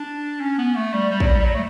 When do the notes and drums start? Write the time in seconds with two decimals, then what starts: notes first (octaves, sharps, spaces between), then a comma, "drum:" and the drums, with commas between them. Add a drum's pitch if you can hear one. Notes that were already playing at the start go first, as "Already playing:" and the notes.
Already playing: D4
0.41 C#4
0.58 B3
0.75 A3
0.94 G3
1.10 G3
1.20 F#3, drum: kick
1.27 G3
1.39 G3
1.45 F#3
1.54 A3